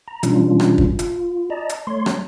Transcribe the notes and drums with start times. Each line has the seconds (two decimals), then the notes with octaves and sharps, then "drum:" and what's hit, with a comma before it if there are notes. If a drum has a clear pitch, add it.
0.08 A#5
0.23 B2 E3 G3 C#4 D4 F4, drum: hi-hat
0.60 drum: rim click
0.78 drum: kick
0.99 F4, drum: hi-hat
1.50 D5 D#5 A5 A#5
1.69 drum: hi-hat
1.87 A3 C#5 C6
2.06 drum: rim click